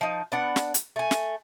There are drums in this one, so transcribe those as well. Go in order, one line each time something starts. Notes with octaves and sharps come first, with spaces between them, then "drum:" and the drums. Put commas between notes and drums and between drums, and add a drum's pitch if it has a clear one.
F3 D#4
B3 D4 F#5
drum: snare
drum: hi-hat
A3 G#5
drum: snare